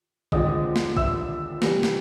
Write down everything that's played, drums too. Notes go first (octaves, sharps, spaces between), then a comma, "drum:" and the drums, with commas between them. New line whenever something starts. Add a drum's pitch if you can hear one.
D#2 D3 F3 G#3 C4 D#5 D#6, drum: kick
drum: snare
E5 E6, drum: kick
C3 E3 G3 B3, drum: snare
drum: snare